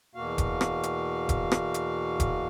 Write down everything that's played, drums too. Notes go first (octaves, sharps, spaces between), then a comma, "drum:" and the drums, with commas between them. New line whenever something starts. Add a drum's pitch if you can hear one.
E2 B2 A#3 F#4 F5
drum: kick E1, hi-hat
drum: rim click
drum: hi-hat
drum: kick E1, hi-hat
drum: rim click
drum: hi-hat
drum: kick E1, hi-hat